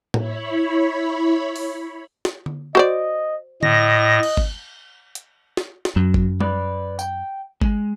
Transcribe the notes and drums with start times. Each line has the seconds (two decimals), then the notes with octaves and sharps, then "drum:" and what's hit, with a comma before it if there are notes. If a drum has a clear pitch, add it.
0.14 E4 C#5 B5, drum: tom A2
1.56 drum: open hi-hat
2.25 drum: snare
2.46 drum: tom D3
2.75 F#4 C5 D5 D#5
3.63 A2 D#5 A#6, drum: tom D3
4.23 drum: cymbal
4.37 drum: kick G1
5.15 drum: hi-hat
5.57 drum: snare
5.85 drum: snare
5.96 F#2 F#3
6.14 drum: kick G1
6.41 B4 D5, drum: tom
6.99 G5, drum: tambourine
7.62 G#3, drum: kick G1